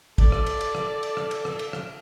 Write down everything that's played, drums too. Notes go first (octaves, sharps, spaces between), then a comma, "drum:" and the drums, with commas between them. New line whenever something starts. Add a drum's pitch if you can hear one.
A4 D5, drum: kick, cymbal
drum: rim click
drum: cymbal
drum: cymbal
drum: rim click
drum: cymbal
drum: rim click
drum: cymbal
drum: rim click
drum: cymbal
drum: rim click